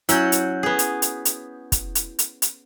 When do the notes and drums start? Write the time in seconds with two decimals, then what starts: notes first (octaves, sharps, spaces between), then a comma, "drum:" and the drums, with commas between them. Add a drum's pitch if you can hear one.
0.09 F#3 C#4 E4 F#4 G6, drum: hi-hat
0.32 drum: hi-hat
0.63 B3 G#4
0.79 drum: hi-hat
1.02 drum: hi-hat
1.25 drum: hi-hat
1.72 drum: kick, hi-hat
1.95 drum: hi-hat
2.19 drum: hi-hat
2.42 drum: hi-hat